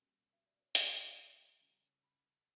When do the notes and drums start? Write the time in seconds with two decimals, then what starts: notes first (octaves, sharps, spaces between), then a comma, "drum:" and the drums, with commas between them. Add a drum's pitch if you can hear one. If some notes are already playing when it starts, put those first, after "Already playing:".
Already playing: B2 G3 A#3 C#4
0.33 E5
0.46 D5
0.60 C#5
0.75 F#2 E3 A#3 C#5, drum: hi-hat
0.89 D5
1.03 F#5
1.17 A#5
1.60 C#3 G3 C#4
2.03 B5